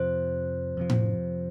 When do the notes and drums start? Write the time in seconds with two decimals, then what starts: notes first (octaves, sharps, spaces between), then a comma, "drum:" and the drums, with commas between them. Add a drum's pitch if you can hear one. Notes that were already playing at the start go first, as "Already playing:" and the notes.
Already playing: F2 C3 F3 C5
0.77 F2 C3 F3
0.90 drum: tom A2